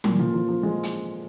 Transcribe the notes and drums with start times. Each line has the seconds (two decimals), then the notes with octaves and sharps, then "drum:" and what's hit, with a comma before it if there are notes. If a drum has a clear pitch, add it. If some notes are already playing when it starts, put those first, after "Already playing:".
0.04 A#2, drum: tom
0.19 F3
0.34 F3
0.49 F3
0.63 G#3
0.83 drum: hi-hat